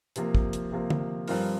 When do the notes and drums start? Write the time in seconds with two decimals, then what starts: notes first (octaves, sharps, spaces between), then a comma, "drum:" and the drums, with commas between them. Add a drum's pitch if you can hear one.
0.16 C3 F3 A#3, drum: hi-hat
0.35 drum: kick
0.53 drum: hi-hat
0.72 C3 F3 A#3
0.90 drum: tom D3
1.28 G2 F3 C4 F4 A#4, drum: open hi-hat